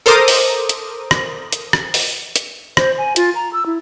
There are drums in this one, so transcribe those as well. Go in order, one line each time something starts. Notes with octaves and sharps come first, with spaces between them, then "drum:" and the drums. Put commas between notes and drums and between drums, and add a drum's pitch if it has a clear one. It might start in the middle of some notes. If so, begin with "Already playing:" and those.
A4 A#4 C5 A#5 D6 D#6
drum: open hi-hat
drum: hi-hat
drum: rim click
drum: hi-hat
drum: rim click
drum: open hi-hat
drum: hi-hat
C5, drum: rim click
G#5
F4, drum: hi-hat
A#5
E6
E4